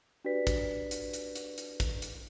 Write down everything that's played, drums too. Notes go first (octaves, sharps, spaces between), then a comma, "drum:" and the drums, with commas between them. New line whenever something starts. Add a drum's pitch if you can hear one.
D4 F#4 G4 B4 D5 B6
drum: kick, hi-hat
drum: hi-hat
drum: hi-hat
drum: hi-hat
drum: hi-hat
drum: kick, hi-hat
drum: hi-hat